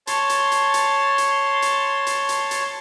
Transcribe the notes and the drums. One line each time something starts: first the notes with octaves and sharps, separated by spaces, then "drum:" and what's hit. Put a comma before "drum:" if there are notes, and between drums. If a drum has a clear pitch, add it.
C#5 A5 C6, drum: hi-hat
drum: hi-hat
drum: hi-hat
drum: hi-hat
drum: hi-hat
drum: hi-hat
drum: hi-hat
drum: hi-hat
drum: hi-hat